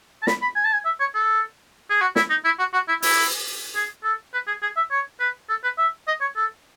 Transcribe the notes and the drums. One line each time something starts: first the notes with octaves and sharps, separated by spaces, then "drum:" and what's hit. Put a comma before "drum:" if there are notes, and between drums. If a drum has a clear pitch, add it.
A5
B5, drum: snare
B5
G#5
A5
G#5
E5
C#5
A4
G#4
F#4
E4, drum: snare
D#4
E4
F#4
F#4
E4
E4, drum: open hi-hat
G#4
A4
B4
G#4
G#4
E5
C#5
B4
A4
B4
E5
D#5
C#5
A4